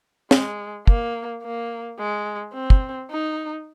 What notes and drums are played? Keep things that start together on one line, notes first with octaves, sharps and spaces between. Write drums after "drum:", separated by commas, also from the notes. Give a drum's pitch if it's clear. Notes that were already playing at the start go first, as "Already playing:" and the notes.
G#3, drum: snare
A#3, drum: kick
A#3
G#3
C4
drum: kick
D#4